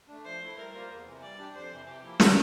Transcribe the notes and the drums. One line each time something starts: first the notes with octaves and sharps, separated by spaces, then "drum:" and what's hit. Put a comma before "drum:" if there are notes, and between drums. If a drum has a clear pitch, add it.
A3 D4
F3 C5
A3 E4
G3 A#4
A#3 F4 C5
E2
C3 E3
G3 D5
D4 G4
F2 C5
C3 E3
C3 G4
F3 A#3 E4
E3, drum: snare